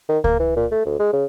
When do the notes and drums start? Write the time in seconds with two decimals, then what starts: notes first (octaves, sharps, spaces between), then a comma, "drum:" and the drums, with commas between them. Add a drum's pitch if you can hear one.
0.09 D#3
0.24 A#3, drum: kick C#2
0.39 E3
0.56 A#2
0.72 A3
0.85 D2
0.99 G#3
1.13 C#3